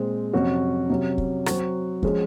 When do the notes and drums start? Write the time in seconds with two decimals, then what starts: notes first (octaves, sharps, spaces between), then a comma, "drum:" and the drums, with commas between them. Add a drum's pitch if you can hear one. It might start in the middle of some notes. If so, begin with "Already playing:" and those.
Already playing: A#2 G#3 C4
0.33 F2 C3 F#3 C#4 F#4
0.89 C3 F#3 C#4
1.18 drum: kick
1.46 F#3 C4 F#4, drum: rim click
2.03 F3 G#3 C#4 G#4, drum: kick